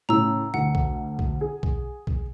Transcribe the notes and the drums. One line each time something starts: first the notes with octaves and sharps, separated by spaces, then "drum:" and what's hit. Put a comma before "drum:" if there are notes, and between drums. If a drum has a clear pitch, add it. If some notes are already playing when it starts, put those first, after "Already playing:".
A2 C#3 A#5 E6
D2 F#5
drum: kick B1
drum: kick B1
G#4
drum: kick B1
drum: kick B1